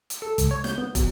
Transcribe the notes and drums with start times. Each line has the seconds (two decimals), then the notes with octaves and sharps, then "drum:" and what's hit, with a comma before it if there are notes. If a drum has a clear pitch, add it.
0.10 drum: hi-hat
0.22 A4
0.38 C#2, drum: hi-hat
0.51 C#5
0.64 G6, drum: snare
0.78 B3
0.95 F#3, drum: kick, hi-hat